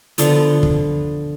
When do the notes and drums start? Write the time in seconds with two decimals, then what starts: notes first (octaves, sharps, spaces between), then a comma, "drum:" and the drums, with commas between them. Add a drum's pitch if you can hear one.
0.18 D3 F3 B3, drum: hi-hat
0.63 drum: kick